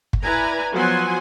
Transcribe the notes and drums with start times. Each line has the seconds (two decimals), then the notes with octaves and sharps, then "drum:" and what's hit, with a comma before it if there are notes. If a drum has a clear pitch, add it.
0.13 drum: kick
0.23 E4 B4 D5 G#5 A#5
0.73 F3 F#3 B3 F#5 G#5 C6